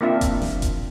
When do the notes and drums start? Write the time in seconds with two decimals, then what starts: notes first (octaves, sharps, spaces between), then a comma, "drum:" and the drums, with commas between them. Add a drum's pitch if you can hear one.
0.01 A#3 C4 D4 F4 E5
0.21 drum: kick F1, hi-hat
0.42 drum: snare
0.62 drum: kick F1, hi-hat